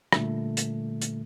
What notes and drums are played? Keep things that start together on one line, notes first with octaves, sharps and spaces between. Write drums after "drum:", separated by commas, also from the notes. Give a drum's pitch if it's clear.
A#2 D3 G3 A3, drum: rim click
drum: hi-hat
drum: hi-hat